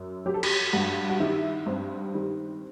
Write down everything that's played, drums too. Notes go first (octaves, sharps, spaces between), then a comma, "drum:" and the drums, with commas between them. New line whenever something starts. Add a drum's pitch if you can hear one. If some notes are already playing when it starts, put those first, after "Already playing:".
Already playing: F#2
F#3 G4
A4
G4, drum: cymbal
G2 F#4
F#4
D#3 G3 E4
G2 C4
D#3 G3